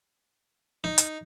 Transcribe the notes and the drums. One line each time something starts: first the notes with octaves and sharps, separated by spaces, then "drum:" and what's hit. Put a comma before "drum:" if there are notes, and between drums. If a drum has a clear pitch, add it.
D#4
drum: hi-hat